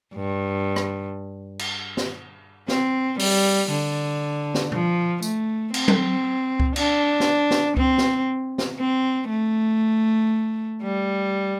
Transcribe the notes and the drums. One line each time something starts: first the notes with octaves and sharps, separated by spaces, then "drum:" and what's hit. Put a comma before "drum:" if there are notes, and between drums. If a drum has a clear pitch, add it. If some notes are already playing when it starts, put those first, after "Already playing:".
G2
drum: rim click
drum: cymbal
drum: snare
C4, drum: snare
G3, drum: open hi-hat
D3
drum: snare
F3, drum: tom B2
A3, drum: tambourine
C4, drum: cymbal
drum: tom F#3
drum: kick C#2
D4, drum: cymbal
drum: snare
drum: snare
C4, drum: kick C#2
drum: snare
drum: snare
C4
A3
G3